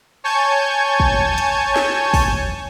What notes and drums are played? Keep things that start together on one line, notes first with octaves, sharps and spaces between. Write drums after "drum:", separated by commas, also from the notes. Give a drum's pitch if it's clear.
C#5 G#5 A5 C#6 G6 G#6
drum: kick
drum: hi-hat
drum: snare
drum: kick, open hi-hat